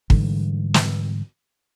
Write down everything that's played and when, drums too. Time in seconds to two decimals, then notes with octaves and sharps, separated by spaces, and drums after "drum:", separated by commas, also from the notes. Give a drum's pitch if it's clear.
0.10 G#2 D3 E3 G3, drum: kick
0.74 drum: snare